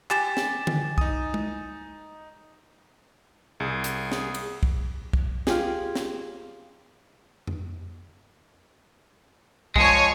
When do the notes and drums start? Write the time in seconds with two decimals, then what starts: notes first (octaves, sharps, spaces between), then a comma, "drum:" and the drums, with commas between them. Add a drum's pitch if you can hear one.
0.11 G4 G#5 A6 E7, drum: clap
0.37 drum: snare
0.67 drum: tom D3
0.98 D#4 D#6, drum: kick
1.34 drum: tom G#3
3.60 C2 G#4
3.84 drum: hi-hat
4.12 drum: snare
4.34 drum: cymbal
4.63 drum: kick
5.13 drum: kick
5.47 F4 G4 G#4, drum: snare
5.95 drum: snare
7.47 drum: tom F2
9.76 F3 G#3 C#5 G#5 C#7, drum: kick